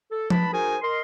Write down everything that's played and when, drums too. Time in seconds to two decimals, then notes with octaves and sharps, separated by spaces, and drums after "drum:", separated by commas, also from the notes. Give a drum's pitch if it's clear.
0.10 A4
0.30 B4 A5 B5, drum: tom F3
0.52 D#4 F#4 G#4 A#4 C5 G#5
0.82 A#4 D#5 C6